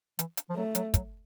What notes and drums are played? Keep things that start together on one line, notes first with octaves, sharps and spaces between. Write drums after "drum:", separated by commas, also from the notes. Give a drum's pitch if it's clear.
E3, drum: hi-hat
drum: hi-hat
F3
F#3 A3
F#3, drum: hi-hat
F#3, drum: kick, hi-hat